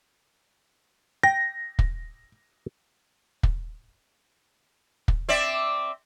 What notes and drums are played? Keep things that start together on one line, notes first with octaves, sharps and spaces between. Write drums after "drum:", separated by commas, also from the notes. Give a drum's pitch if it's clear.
G5 A#6
drum: kick
drum: kick
drum: kick
C4 D5 E5